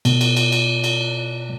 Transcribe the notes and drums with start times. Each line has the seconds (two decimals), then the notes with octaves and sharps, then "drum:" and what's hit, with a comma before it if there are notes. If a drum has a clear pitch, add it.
0.05 B2, drum: cymbal
0.21 drum: cymbal
0.37 drum: cymbal
0.52 drum: cymbal
0.84 drum: cymbal